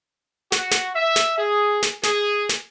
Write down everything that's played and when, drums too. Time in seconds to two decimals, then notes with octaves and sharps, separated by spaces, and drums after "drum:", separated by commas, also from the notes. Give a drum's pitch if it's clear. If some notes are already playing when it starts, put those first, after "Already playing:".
0.52 F#4, drum: snare
0.71 drum: snare
0.96 E5
1.16 drum: snare
1.38 G#4
1.83 drum: snare
2.03 G#4, drum: snare
2.49 drum: snare